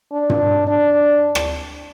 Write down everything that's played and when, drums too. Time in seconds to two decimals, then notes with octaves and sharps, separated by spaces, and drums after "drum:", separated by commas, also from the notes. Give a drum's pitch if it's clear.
0.13 D4
0.30 drum: tom
0.67 D4
1.35 drum: rim click